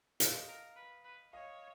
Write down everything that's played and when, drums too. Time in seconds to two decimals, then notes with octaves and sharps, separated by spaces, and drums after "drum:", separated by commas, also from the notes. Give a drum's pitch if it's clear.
0.20 A4 D#5 F5, drum: hi-hat
0.48 A#4
0.76 B4
1.05 B4
1.33 C#5 D#5 F5